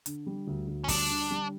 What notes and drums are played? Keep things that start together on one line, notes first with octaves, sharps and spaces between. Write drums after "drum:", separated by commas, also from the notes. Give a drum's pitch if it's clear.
D3, drum: hi-hat
G3
D2
D2
C#4
G3 D4, drum: kick, open hi-hat
D3
G3